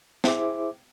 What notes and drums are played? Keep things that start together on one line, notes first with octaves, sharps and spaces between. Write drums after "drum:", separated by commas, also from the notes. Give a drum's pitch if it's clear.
E4 G#4 C5 E5 D6, drum: snare